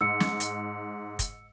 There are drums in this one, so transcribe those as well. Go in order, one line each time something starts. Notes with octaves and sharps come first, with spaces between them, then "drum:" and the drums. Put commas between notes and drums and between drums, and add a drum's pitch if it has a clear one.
G#2 E6 C#7
drum: snare
drum: hi-hat
drum: kick, hi-hat